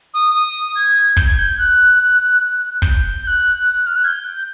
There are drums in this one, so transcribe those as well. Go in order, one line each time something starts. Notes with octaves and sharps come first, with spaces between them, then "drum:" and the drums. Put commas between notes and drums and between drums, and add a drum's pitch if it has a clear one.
D#6
D#6
G#6
G6, drum: kick
G#6
G6
F#6
G6, drum: kick
G6
F#6
F6
F#6
G#6
G6